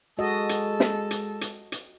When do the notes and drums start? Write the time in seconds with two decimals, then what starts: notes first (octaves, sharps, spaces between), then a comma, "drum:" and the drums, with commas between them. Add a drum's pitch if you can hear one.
0.19 G#3 F#4 A4 D#5
0.49 drum: hi-hat
0.80 drum: snare
1.11 drum: hi-hat
1.41 drum: hi-hat
1.72 drum: hi-hat